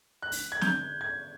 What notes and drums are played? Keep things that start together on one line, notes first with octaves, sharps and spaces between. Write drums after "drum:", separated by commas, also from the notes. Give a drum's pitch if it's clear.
F#6
drum: open hi-hat
G#6
G6, drum: snare
G#6